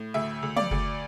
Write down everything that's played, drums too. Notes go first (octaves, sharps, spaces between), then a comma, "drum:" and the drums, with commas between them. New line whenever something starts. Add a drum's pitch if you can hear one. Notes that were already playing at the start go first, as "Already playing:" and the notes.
Already playing: A2
D2 E5
D2
D5, drum: tom
D2, drum: kick F#1